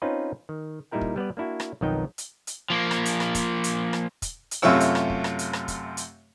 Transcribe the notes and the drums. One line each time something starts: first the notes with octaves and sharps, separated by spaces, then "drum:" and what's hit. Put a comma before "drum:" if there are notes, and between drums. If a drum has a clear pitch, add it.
C4 C#4 D#4 F4 B4
D#3
A#2 G3 D#4 E4 A#4 G5
drum: kick
G3 B3 B4 D5
A#3 D4 E4 F#4
drum: rim click
B1 F2 D#3 B3 D#4 G5
drum: hi-hat
drum: hi-hat
F3 A#3
drum: rim click
drum: hi-hat
drum: rim click
drum: kick, hi-hat
drum: hi-hat
drum: rim click
drum: kick, hi-hat
drum: hi-hat
F#2 C3 A3 F4 C#5 E6
drum: hi-hat
drum: rim click
drum: kick
drum: rim click
drum: hi-hat
drum: rim click
drum: kick, hi-hat
drum: hi-hat